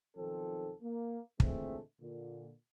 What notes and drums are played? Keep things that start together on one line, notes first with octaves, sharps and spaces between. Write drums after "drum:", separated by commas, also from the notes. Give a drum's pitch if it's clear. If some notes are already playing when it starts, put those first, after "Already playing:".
B1 D#3 F3 C4 A4
A#3
A#2 D3 E3 G#3 A3 C4, drum: kick
A#2 D3